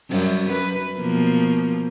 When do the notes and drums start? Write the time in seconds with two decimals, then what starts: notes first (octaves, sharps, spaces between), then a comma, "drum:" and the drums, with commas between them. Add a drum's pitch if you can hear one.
0.11 F#2 G3, drum: open hi-hat
0.50 B4
0.97 B2 F3 A#3